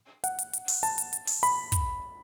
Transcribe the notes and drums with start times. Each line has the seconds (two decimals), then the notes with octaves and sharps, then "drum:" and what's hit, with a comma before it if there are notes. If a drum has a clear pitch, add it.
0.24 F#5, drum: hi-hat
0.39 drum: hi-hat
0.53 drum: hi-hat
0.68 drum: open hi-hat
0.83 A5, drum: hi-hat
0.98 drum: hi-hat
1.13 drum: hi-hat
1.27 drum: open hi-hat
1.43 B5, drum: hi-hat
1.72 drum: kick, hi-hat